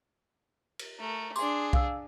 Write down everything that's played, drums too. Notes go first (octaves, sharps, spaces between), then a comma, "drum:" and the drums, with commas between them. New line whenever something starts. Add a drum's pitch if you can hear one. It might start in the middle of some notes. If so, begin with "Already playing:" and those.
drum: cymbal
A3 A#4
D4 G#4 C6 D6, drum: tambourine
F5 E6, drum: kick